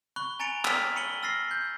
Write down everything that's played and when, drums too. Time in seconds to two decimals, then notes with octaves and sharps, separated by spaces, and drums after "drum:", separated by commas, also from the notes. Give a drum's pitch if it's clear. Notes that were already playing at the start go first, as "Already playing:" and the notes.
0.16 B5 C#6 F#6 G7
0.40 G#5 A#5 A6 C#7 D7 F7
0.65 E6 F6 A6 B6, drum: clap
0.96 B5 C#7 D#7 F#7 G7
1.23 E6 F6 A6 A#6 C7
1.51 G6